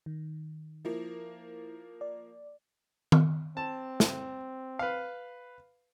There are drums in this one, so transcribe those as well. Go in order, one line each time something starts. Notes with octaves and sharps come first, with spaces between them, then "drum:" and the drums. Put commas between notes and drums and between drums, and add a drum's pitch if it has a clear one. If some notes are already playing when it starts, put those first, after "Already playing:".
D#3
F3 A#3 E4
D5
drum: tom D#3
C4 A5
drum: snare
B4 F5